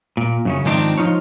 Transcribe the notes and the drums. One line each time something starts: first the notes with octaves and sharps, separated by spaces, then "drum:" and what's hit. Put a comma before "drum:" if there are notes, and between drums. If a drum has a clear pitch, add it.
A#2
F#2 C#3 C#4
G#2 D#3 F3 C4 D4 D#4, drum: open hi-hat
F3 D#4 F4 C#5